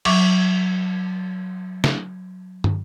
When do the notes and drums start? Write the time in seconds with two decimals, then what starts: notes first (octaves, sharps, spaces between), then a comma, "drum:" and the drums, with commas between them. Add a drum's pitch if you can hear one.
0.05 F#3 E5 C#6 D6, drum: cymbal
1.84 drum: snare
2.64 drum: tom